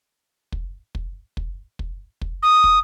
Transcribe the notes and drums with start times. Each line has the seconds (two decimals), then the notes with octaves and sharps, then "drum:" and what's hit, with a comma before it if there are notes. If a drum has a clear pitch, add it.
0.52 drum: kick
0.95 drum: kick
1.37 drum: kick
1.79 drum: kick
2.21 drum: kick
2.43 D#6
2.64 drum: kick